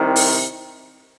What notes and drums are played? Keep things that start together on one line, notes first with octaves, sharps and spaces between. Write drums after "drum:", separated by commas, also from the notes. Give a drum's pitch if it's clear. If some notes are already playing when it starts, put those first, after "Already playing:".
Already playing: C2 C3 D#3
drum: open hi-hat